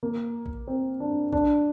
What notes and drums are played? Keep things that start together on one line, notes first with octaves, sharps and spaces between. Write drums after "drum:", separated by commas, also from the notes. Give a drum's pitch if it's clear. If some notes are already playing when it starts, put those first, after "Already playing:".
A#3
drum: kick A#1
C4
D4
D4, drum: kick A#1